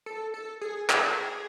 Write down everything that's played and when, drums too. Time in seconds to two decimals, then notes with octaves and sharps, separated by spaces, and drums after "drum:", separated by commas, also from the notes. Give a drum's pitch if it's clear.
0.06 A4
0.34 A4
0.61 G#4
0.90 G#4, drum: clap